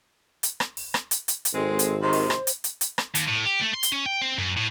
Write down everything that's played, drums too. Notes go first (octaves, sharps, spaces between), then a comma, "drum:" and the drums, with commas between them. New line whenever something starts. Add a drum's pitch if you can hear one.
drum: hi-hat
drum: rim click
drum: open hi-hat
drum: rim click
drum: hi-hat
drum: hi-hat
drum: hi-hat
G#1 G#3 C4 A4
drum: hi-hat
C3 D#3 C5 C6
drum: open hi-hat
drum: rim click
drum: hi-hat
drum: hi-hat
drum: hi-hat
drum: rim click
D#2, drum: hi-hat
A2
G4
A3
C6
drum: hi-hat
C#4
G5
C4
F#2
A2